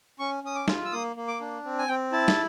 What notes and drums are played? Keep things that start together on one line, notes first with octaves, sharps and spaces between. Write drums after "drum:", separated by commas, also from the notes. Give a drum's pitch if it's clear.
C#4 C#6
C#4 D#6
D6
F4, drum: snare
E6
A#3 D#6
A#3
D6
D4
C4
G#5
C4 G5
E4 A5
drum: snare